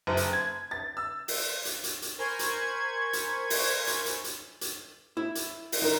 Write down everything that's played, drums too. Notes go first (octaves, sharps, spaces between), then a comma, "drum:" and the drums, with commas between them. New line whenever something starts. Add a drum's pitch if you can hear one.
F#1
drum: hi-hat
G#6
A6
E6
drum: open hi-hat
drum: hi-hat
drum: hi-hat
drum: hi-hat
A#4 C5 G#5 B5 C#6 G#6
drum: hi-hat
drum: hi-hat
drum: open hi-hat
drum: hi-hat
drum: hi-hat
drum: hi-hat
drum: hi-hat
E4
drum: hi-hat
drum: open hi-hat
D#4 A#4